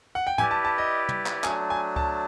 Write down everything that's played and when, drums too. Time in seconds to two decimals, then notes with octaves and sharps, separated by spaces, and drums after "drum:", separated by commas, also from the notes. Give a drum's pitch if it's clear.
0.15 F#5
0.27 G5
0.38 E4 G4 B4 D5 G#5, drum: tom
0.51 A5
0.65 A5
0.78 D#5
1.09 drum: tom
1.26 drum: clap
1.44 F#3 A3 D4 G#5, drum: clap
1.70 G#5
1.96 A5, drum: kick C#2